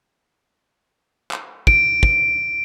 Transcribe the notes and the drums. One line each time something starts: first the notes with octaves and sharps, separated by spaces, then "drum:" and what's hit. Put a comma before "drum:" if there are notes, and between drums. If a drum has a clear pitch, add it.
drum: clap
D7, drum: kick
drum: kick